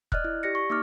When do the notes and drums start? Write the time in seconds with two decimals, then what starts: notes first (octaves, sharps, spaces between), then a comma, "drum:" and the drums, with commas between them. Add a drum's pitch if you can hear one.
0.12 D5 D#5 F6 F#6, drum: kick
0.24 E4
0.43 G4 D5 A#6 C#7
0.55 C#6
0.70 A#3 D#4 D6 F6